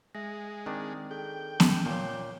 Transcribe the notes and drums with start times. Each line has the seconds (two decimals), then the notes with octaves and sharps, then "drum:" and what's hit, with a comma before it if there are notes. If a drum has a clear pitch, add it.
0.15 G#3 E5 A#6
0.66 D#3 C4 D4
1.11 G#4 A4 G5
1.60 drum: snare B3
1.86 A#2 C#5 D6 C7